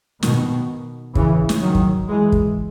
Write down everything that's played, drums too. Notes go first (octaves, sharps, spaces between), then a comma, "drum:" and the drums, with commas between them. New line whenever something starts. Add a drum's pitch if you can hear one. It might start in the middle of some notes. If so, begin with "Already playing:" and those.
B2 D#3, drum: snare
C#3 E3, drum: kick
drum: snare
D#3 F#3
drum: kick
E3 G#3
drum: kick